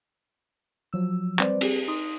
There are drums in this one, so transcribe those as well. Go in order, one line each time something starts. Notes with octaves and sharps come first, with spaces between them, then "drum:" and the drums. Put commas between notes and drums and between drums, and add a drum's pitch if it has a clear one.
F3 F#3 E6
G3 C4 B4 C5 D5, drum: clap
C4 G4 G#4, drum: cymbal
D#4 C6 D#6